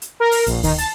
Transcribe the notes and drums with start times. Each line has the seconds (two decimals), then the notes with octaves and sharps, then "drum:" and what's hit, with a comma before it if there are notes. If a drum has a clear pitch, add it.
0.02 drum: hi-hat
0.20 A#4
0.32 drum: open hi-hat
0.46 A#1, drum: hi-hat
0.63 D#3, drum: kick D2, open hi-hat
0.78 A5, drum: hi-hat